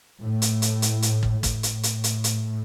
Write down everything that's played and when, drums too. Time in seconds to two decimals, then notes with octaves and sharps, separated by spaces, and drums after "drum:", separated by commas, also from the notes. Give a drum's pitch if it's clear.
0.21 A2
0.42 drum: hi-hat
0.62 drum: hi-hat
0.82 drum: hi-hat
1.02 drum: hi-hat
1.23 drum: kick
1.43 A2, drum: kick, hi-hat
1.63 drum: hi-hat
1.83 drum: hi-hat
2.04 drum: hi-hat
2.24 drum: hi-hat